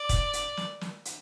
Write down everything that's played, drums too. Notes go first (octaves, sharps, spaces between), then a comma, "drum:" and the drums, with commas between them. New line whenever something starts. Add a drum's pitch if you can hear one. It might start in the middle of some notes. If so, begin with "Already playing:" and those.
Already playing: D5
drum: kick, hi-hat
drum: hi-hat
drum: snare
drum: snare
drum: hi-hat